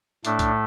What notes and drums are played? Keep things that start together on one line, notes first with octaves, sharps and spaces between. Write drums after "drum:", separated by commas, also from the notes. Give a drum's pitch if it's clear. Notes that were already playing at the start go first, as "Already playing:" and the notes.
A2 A3 D4, drum: hi-hat
drum: kick B1, hi-hat